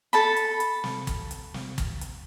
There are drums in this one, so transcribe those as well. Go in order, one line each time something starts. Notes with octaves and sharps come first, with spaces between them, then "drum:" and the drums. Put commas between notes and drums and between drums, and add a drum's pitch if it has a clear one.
A4 A5 B5, drum: hi-hat
drum: hi-hat
drum: hi-hat
drum: snare
drum: kick, hi-hat
drum: hi-hat
drum: snare
drum: kick, hi-hat
drum: hi-hat